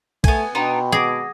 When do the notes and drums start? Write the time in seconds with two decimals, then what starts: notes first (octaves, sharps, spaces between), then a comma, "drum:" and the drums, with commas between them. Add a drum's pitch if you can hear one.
0.24 A3 B3 G#5, drum: kick, cymbal
0.55 B2 B3 D4 D#4 G5 B5 C6
0.92 G#4 F#5 D6 G#6 A#6